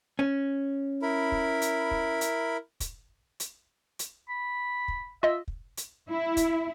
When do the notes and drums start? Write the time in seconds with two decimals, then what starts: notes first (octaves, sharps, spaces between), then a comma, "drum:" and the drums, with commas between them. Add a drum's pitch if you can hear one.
0.19 C#4
1.02 E4 A#4 B5
1.32 drum: kick
1.62 drum: hi-hat
1.91 drum: kick
2.21 drum: hi-hat
2.80 drum: kick, hi-hat
3.40 drum: hi-hat
3.99 drum: hi-hat
4.29 B5
4.88 drum: kick
5.23 F4 D#5 E5
5.48 drum: kick
5.77 drum: hi-hat
6.10 E4
6.37 drum: kick, hi-hat